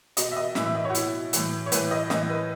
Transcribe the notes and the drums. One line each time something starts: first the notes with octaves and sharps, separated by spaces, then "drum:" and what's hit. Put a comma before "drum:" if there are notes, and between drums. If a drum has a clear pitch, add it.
B2 D#5, drum: hi-hat
E5
D#5
A2 E3 E5, drum: snare
E5
D#5
C#5
F#4
B2 E4, drum: hi-hat
A2 E3, drum: hi-hat
C#5
A2 E3 B4, drum: hi-hat
D#5
A2 E3 D#5, drum: snare
B4